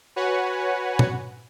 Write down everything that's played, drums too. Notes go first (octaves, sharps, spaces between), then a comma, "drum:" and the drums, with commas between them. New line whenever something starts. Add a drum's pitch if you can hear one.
F#4 B4 C#5 F#5 G#5
drum: tom A#2